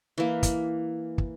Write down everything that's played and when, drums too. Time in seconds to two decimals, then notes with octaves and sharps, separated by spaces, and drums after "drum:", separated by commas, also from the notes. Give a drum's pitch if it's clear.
0.18 E3 A#3
0.43 drum: kick, hi-hat
1.18 drum: kick